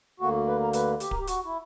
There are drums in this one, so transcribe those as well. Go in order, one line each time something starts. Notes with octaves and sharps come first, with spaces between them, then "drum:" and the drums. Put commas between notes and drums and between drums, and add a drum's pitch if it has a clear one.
D2 D3 A#3 F#4
B4
A#4
B4, drum: hi-hat
G4, drum: hi-hat
A#4, drum: kick D1
G4
F#4, drum: hi-hat
E4